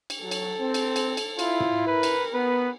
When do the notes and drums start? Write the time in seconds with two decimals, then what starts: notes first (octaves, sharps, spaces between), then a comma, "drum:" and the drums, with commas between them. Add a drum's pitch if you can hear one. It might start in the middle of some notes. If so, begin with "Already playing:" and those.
0.10 drum: cymbal
0.22 F#3 A4
0.31 drum: cymbal
0.60 C4
0.74 drum: cymbal
0.96 drum: cymbal
1.17 drum: cymbal
1.39 E4 F4, drum: cymbal
1.60 drum: tom
1.87 A#4 B4
2.03 drum: cymbal
2.34 B3 B4